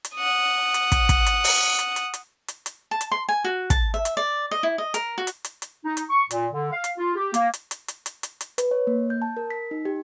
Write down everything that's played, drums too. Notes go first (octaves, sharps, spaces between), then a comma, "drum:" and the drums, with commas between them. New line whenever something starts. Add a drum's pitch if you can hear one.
drum: hi-hat
F#5 D#6
drum: hi-hat
drum: kick, hi-hat
drum: kick, hi-hat
drum: hi-hat
drum: open hi-hat
drum: hi-hat
drum: hi-hat
drum: hi-hat
drum: hi-hat
drum: hi-hat
A5
drum: hi-hat
C6
G#5
F#4
A5, drum: kick, hi-hat
E5
drum: hi-hat
D5
D#5
E4
D#5
A#4, drum: hi-hat
F#4
drum: hi-hat
drum: hi-hat
drum: hi-hat
D#4
drum: hi-hat
C#6
A#2, drum: hi-hat
D3
F5
drum: hi-hat
F4
G4
A#3, drum: hi-hat
drum: hi-hat
drum: hi-hat
drum: hi-hat
drum: hi-hat
drum: hi-hat
drum: hi-hat
B4, drum: hi-hat
C#5
A#3
G6
A5
A#4
B6
D#4
G4